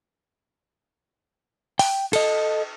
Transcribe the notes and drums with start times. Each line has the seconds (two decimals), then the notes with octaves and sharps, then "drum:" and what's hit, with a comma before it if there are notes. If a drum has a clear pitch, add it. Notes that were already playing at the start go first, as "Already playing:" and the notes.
1.79 G5, drum: open hi-hat
2.13 A4 D#5, drum: cymbal